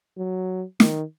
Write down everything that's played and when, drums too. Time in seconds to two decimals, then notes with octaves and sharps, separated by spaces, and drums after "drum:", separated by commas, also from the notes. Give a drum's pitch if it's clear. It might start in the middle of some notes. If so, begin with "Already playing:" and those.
0.17 F#3
0.80 D#3, drum: snare